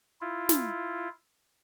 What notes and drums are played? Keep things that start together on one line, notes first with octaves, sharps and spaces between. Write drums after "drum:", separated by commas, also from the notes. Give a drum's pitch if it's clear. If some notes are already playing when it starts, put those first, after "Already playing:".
E4 F4
drum: snare